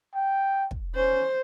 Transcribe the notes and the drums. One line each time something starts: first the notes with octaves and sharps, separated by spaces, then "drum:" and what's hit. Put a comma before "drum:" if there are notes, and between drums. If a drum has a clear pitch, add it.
G5
drum: kick
C#4 C5